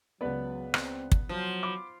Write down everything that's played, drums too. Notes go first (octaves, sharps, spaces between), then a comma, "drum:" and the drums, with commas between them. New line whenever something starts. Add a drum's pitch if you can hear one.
C#2 F#3 B3 B4 D5
C4, drum: rim click
drum: kick
F3 F#3
B5 D6